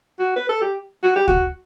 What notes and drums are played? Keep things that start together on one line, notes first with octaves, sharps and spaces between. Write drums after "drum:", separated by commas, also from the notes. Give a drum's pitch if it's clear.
F#4
B4
A4
G4
F#4
G4
F#4, drum: kick